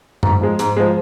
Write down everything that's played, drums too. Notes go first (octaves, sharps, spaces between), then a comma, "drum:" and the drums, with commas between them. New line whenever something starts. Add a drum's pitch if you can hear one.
G#2, drum: tom F#2
F3 G#3
G#2, drum: hi-hat
F3 G#3